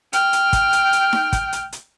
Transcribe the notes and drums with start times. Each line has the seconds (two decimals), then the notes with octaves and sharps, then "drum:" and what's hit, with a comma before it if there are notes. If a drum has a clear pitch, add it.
0.13 G5 F6, drum: hi-hat
0.33 drum: hi-hat
0.53 drum: kick, hi-hat
0.73 drum: hi-hat
0.93 drum: hi-hat
1.13 drum: snare D#4
1.33 drum: kick, hi-hat
1.53 drum: hi-hat
1.72 drum: hi-hat